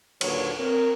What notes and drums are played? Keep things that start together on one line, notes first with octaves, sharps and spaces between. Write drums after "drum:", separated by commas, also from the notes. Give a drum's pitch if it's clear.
D#2 A#2 D3 F#3 B4 C#5, drum: cymbal
C4 A#4